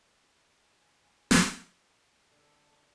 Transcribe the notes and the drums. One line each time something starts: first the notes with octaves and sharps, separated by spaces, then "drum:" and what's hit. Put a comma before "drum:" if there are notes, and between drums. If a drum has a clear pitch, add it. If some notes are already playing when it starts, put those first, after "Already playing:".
G#5
drum: snare
D3 A4